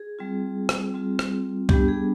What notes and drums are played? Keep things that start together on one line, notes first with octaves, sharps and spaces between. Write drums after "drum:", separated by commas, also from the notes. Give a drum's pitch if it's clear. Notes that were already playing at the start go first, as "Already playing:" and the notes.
Already playing: G#4
G3 C4 F4
drum: rim click
G3 C4 F4
drum: rim click
G3 B3 D4 G4, drum: kick
G#4